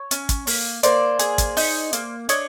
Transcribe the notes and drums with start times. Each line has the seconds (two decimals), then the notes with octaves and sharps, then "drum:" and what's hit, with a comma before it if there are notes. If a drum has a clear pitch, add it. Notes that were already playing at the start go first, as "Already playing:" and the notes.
Already playing: C#5
0.11 C#4, drum: hi-hat
0.29 drum: kick, hi-hat
0.47 A#3, drum: open hi-hat
0.83 A#3 C5 D5, drum: hi-hat
1.19 G#4, drum: hi-hat
1.38 drum: kick, hi-hat
1.57 D#4, drum: open hi-hat
1.93 A#3, drum: hi-hat
2.29 D4 C#5 D#5, drum: hi-hat